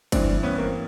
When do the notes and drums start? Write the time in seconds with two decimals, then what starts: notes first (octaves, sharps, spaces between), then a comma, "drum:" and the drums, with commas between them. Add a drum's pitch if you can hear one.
0.12 G2 E3 C4 D4, drum: kick, cymbal
0.43 B3 C#4
0.58 A#3 C4